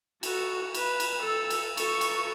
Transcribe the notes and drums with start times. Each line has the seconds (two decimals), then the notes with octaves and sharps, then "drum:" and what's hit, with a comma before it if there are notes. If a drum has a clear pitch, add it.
0.23 F#4 A4, drum: cymbal
0.74 B4, drum: cymbal
1.00 drum: cymbal
1.21 A4 E6
1.50 drum: cymbal
1.77 A4 C#6, drum: cymbal
2.01 drum: cymbal